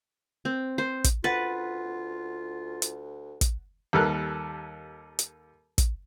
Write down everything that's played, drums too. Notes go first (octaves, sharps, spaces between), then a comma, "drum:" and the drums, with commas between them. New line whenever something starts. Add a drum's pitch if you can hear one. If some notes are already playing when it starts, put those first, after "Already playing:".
C4
C5
drum: kick, hi-hat
D2 F4 B4 F#5 A6
drum: hi-hat
drum: kick, hi-hat
D#2 G3 A4 A#4 A5 F#6
drum: hi-hat
drum: kick, hi-hat